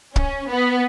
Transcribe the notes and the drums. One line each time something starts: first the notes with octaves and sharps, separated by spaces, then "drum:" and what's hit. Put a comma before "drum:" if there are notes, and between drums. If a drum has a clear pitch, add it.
C#4, drum: kick
B3